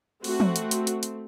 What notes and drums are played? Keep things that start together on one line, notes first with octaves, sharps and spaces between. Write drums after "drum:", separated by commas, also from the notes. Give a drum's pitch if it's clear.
A3 C4 F#4, drum: open hi-hat
drum: tom
drum: hi-hat
drum: hi-hat
drum: hi-hat
drum: hi-hat